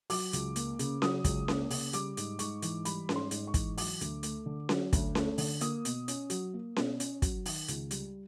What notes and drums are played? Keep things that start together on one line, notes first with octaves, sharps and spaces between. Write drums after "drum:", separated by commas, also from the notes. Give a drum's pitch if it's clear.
F#3 D6, drum: open hi-hat
C#2, drum: hi-hat
A#3, drum: hi-hat
C#3, drum: hi-hat
F#3 D#6, drum: snare C#4
C#2, drum: kick, hi-hat
A#3, drum: snare C#4
C#3, drum: open hi-hat
G3 D6, drum: hi-hat
G#2, drum: hi-hat
G#2 C#6, drum: hi-hat
E3, drum: hi-hat
G3 B5, drum: hi-hat
G#2, drum: snare C#4
C6
G#2, drum: hi-hat
C#6
E3, drum: kick, hi-hat
F#3 D6, drum: open hi-hat
D2, drum: hi-hat
A3, drum: hi-hat
D3
F#3, drum: snare C#4
D2, drum: kick, hi-hat
A3, drum: snare C#4
D3, drum: open hi-hat
A#3 D#6, drum: hi-hat
B2, drum: hi-hat
C#4, drum: hi-hat
F#3, drum: hi-hat
A#3
B2, drum: snare C#4
C#4, drum: hi-hat
F#3, drum: kick, hi-hat
D#3, drum: open hi-hat
C#2, drum: hi-hat
G3, drum: hi-hat